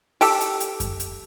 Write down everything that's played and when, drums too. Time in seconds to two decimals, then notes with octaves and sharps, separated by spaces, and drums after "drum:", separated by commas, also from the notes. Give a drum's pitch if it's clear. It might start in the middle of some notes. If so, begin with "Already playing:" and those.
0.21 G4 A4, drum: open hi-hat
0.41 drum: hi-hat
0.60 drum: hi-hat
0.80 drum: kick F#2, hi-hat
1.00 drum: hi-hat